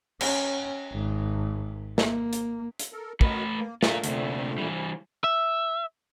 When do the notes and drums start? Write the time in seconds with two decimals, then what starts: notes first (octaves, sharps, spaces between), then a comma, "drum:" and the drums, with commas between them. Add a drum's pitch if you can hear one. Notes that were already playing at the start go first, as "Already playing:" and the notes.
0.21 C#4, drum: cymbal
0.92 G#1
1.98 A#3, drum: snare
2.33 drum: hi-hat
2.79 drum: hi-hat
2.92 A4 A#4
3.21 A3 F#4 A#4 B4 D#5, drum: kick
3.57 A#3
3.83 A#2 D3 A3 F4 A#4, drum: snare
4.04 D2 C3, drum: hi-hat
4.58 E3 G3
5.24 E5